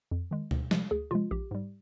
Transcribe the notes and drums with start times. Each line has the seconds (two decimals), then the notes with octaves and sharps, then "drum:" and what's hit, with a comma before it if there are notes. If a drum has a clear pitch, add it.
0.11 F2
0.31 D#3 G#3
0.51 D2, drum: tom B2
0.71 C3 F3 G#3, drum: snare
0.91 D2 G#4
1.11 C3 F3 G#3 F4
1.31 A#1 G4
1.51 G#2 G3